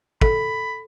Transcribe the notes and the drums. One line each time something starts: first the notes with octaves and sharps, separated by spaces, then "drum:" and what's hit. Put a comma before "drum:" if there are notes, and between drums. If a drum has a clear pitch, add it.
A4 B5, drum: kick